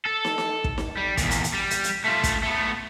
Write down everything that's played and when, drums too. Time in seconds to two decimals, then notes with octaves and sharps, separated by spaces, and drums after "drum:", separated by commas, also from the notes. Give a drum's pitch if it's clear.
0.06 A4
0.25 drum: snare
0.38 drum: snare
0.64 drum: kick
0.78 drum: snare
0.97 G3
1.17 E2 A#2, drum: kick, hi-hat
1.31 drum: hi-hat
1.44 drum: hi-hat
1.54 G3
1.70 drum: hi-hat
1.84 drum: hi-hat
2.04 A3 F4
2.24 drum: kick, hi-hat
2.43 A3 B3